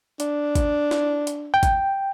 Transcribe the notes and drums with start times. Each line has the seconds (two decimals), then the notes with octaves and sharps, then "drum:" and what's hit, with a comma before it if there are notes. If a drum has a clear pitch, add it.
0.20 D4, drum: hi-hat
0.55 drum: kick G#1, hi-hat
0.91 drum: snare
1.27 drum: hi-hat
1.54 G5
1.63 drum: kick G#1, hi-hat